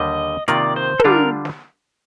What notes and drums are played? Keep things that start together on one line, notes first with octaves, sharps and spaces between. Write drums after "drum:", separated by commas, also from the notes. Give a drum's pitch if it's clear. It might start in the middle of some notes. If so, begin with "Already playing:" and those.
Already playing: D#2 D3 G3 D#5
C3 D#3 A#3 F4 A#4 D5, drum: hi-hat
C5
A4, drum: tom
D3 G3 D4 F4 A#4
drum: snare